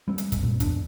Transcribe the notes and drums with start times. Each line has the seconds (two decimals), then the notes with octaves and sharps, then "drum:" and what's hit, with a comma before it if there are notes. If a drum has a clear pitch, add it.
0.08 G3 C4
0.18 drum: hi-hat
0.32 drum: kick, hi-hat
0.43 F#2 A#2
0.60 E2 D4, drum: kick, hi-hat